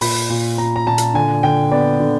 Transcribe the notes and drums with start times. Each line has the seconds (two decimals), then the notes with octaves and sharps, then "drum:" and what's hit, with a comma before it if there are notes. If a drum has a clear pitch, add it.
0.01 A#2 B5, drum: open hi-hat
0.29 A#2
0.58 A#2 A#5
0.76 A#5
0.86 A#2 A5
0.98 drum: hi-hat
1.14 D3 G#5
1.43 D3 G5
1.71 B3 D5
2.00 D3